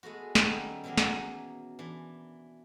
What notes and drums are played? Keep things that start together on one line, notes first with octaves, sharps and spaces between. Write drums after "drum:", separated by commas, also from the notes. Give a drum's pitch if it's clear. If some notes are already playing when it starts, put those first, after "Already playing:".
G#3 A3 B3 F#4
D#3 G3 A3 B3 C#4 D#4, drum: snare
B2 E3 F#3 A#3 G#4
drum: snare
E3 D4